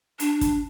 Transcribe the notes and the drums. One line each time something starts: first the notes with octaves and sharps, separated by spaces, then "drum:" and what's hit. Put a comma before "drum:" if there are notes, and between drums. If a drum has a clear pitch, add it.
D4, drum: hi-hat
drum: kick, hi-hat